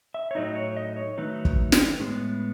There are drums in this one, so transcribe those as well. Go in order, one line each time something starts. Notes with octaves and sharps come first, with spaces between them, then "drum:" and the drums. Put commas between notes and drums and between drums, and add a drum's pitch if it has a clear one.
E5
C#5
A2 F#3 A3 D#4 D#5
C#5
D#5
C#5
D#3 F#3 A3 D#4 B4
drum: kick
drum: snare
A2 G#3 B3